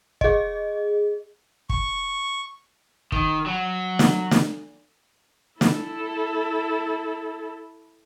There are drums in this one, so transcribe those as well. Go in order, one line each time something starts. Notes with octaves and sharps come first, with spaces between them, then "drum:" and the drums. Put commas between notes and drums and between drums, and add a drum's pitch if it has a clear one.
G#4 D#5, drum: kick
C#6, drum: kick
D#3, drum: kick
F#3
drum: snare
drum: snare
E4 A4, drum: snare